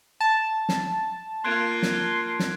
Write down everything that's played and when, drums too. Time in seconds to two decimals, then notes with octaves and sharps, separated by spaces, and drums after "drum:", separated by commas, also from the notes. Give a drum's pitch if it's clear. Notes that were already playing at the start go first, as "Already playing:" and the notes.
0.21 A5
0.69 drum: snare
1.45 A#3 F4 C6 F#6 G#6 D7
1.83 drum: snare
2.39 drum: snare